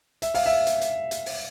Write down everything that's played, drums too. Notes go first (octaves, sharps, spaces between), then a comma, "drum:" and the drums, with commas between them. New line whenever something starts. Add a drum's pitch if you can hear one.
E5, drum: hi-hat
F5, drum: open hi-hat
E5
drum: hi-hat
drum: hi-hat
drum: hi-hat
drum: open hi-hat